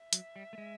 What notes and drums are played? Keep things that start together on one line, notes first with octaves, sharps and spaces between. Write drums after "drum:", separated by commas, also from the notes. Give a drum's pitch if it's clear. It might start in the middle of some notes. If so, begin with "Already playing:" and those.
Already playing: E5
F#3, drum: hi-hat
G3
A3
G#3